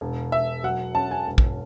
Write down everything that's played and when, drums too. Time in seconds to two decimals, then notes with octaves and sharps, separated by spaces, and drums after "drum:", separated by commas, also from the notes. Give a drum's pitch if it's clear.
0.01 E1
0.32 E1 E5
0.63 F#3 F#5
0.95 C#4 A5
1.11 G#5
1.27 E1
1.38 drum: kick